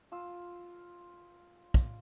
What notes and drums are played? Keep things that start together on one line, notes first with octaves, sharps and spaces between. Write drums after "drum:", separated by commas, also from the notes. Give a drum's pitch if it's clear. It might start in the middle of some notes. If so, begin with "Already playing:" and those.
F4 E6
drum: kick